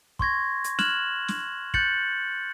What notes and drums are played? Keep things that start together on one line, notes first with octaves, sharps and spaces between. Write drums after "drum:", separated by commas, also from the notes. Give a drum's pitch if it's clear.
C6 C#6 G#6 A#6, drum: kick
drum: hi-hat
F6 F#6 G#6 E7 F#7, drum: snare
drum: snare
F#6 G6 A6 C#7 F#7, drum: kick